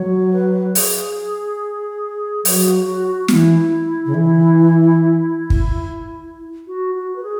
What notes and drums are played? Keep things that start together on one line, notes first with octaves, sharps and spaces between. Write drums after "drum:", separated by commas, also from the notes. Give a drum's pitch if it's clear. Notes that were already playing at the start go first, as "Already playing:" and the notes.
Already playing: F#3 C#5
B4
G#4, drum: open hi-hat
F#3 G#4, drum: open hi-hat
F#4
F#4
F#4
E3 E4, drum: snare
C#3
E3
drum: kick
F#4
F#4
B4
G#4